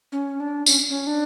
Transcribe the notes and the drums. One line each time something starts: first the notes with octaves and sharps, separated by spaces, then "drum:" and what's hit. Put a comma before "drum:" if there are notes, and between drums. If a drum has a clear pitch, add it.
C#4
D4
C#4, drum: tambourine
C#4
D4